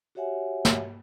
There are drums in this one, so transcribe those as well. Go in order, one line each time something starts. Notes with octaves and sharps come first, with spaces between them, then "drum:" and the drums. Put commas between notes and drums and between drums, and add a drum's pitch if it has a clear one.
F#4 G4 C#5 E5 F#5 G#5
drum: snare